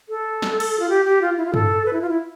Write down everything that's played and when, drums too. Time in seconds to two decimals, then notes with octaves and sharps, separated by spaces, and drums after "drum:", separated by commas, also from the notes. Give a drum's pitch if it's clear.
0.09 A4
0.42 drum: snare
0.60 drum: cymbal
0.80 F4
0.89 G4
1.05 G4
1.22 F4
1.38 E4
1.46 F4
1.54 A4, drum: tom G2
1.86 B4
1.93 E4
2.01 F4
2.09 E4